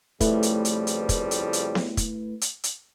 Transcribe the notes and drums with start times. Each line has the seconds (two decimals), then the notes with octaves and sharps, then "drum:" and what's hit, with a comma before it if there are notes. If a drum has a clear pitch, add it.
0.21 F2 C#3 G3 A3 E4 B4, drum: kick, hi-hat
0.43 drum: hi-hat
0.65 drum: hi-hat
0.87 drum: hi-hat
1.09 drum: kick, hi-hat
1.31 drum: hi-hat
1.53 drum: hi-hat
1.75 drum: snare B3
1.97 drum: kick, hi-hat
2.41 drum: hi-hat
2.64 drum: hi-hat